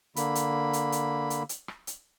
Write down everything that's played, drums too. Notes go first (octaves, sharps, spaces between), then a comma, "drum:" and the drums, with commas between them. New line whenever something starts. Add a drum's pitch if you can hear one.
D3 A#3 B5, drum: hi-hat
drum: hi-hat
drum: hi-hat
drum: hi-hat
drum: hi-hat
drum: hi-hat
drum: rim click
drum: hi-hat